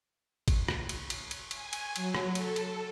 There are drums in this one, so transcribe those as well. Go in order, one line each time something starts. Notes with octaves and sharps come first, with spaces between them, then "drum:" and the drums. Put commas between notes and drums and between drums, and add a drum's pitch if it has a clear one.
drum: kick, cymbal
drum: rim click
drum: cymbal
drum: cymbal
drum: cymbal
G#5, drum: cymbal
drum: cymbal
F#3, drum: cymbal
drum: rim click
A4, drum: cymbal
drum: cymbal